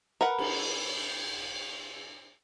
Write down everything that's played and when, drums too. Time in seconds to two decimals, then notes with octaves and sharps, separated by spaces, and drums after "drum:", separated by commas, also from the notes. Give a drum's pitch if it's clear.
0.21 A#4 B4 F#5
0.38 drum: cymbal